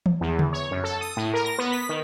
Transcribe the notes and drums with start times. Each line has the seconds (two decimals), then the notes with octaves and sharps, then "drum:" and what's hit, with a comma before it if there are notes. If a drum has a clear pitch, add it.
0.06 drum: tom E3
0.21 E2
0.39 drum: tom C#3
0.53 C#5
0.71 F#2
0.84 A4
1.01 D#6
1.17 A2
1.34 A#4
1.45 A#6
1.58 B3
1.72 B6
1.89 D#3